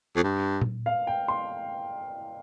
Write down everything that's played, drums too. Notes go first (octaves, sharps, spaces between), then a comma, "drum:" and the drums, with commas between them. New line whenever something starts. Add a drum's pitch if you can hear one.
F2
G2
drum: tom A#2
F5
G5
C6